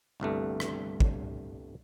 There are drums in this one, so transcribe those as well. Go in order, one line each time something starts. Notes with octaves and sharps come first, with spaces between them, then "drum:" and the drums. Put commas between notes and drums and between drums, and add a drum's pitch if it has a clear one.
G1 C2 G2 A3
drum: rim click
drum: kick